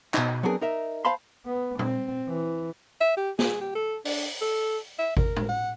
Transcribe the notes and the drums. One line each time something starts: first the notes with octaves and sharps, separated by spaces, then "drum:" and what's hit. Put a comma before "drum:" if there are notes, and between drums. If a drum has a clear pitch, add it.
B2 D#4, drum: clap
F#3 B3 C4 D4 G#4 A#4
D#4 A#4 E5
C5 F5 A5 B5 C6
B3
C4, drum: tom A#2
E3
E5
G4
G#4, drum: snare
G4
A4
D4, drum: open hi-hat
A4
E5
A#4, drum: kick G#1
drum: tom A2
F#5